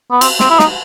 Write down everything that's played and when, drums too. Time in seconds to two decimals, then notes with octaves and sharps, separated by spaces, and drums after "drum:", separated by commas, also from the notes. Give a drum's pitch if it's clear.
0.11 B3
0.21 C4, drum: cymbal
0.40 C4, drum: snare
0.50 E4
0.59 D#4, drum: snare